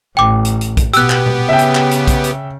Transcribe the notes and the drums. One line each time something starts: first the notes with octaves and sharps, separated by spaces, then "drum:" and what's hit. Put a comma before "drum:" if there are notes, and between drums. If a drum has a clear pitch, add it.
A1 G5 D6
drum: hi-hat
drum: hi-hat
drum: kick, hi-hat
B2 B3 G4 E6 F#6, drum: hi-hat
drum: clap
drum: tom A#2
C#3 E5 G5
drum: hi-hat
drum: clap
drum: hi-hat
drum: kick, hi-hat
drum: hi-hat